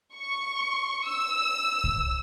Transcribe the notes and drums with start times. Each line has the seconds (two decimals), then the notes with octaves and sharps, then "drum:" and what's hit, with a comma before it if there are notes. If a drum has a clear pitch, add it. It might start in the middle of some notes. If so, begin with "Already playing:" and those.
0.15 C#6
1.07 E6
1.84 drum: kick C2